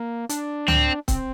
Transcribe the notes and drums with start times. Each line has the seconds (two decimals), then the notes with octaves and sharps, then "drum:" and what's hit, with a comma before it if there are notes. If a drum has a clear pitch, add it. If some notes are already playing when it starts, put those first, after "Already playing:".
Already playing: A#3
0.29 D4, drum: hi-hat
0.68 C4, drum: tom C#2
1.08 C4, drum: kick C#1, hi-hat